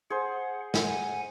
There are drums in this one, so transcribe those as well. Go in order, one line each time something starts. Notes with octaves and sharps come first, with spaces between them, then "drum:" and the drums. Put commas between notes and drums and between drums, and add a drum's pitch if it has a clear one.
G#4 C5 F#5
F#5 G#5, drum: snare